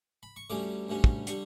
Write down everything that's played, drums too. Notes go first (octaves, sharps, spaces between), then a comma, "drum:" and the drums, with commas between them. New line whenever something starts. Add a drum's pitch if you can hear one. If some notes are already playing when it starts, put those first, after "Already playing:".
B5
C#6
D2 D3 G3 C#4 D6
D2 D3 G3 C#4
drum: kick
D3 G3 C#6, drum: hi-hat